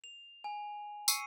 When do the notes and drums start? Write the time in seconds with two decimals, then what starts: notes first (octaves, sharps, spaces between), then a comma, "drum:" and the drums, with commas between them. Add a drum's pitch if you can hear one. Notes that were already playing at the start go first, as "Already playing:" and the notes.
0.04 F7
0.44 G#5
1.08 C#6 E6 C7 C#7 D#7, drum: tambourine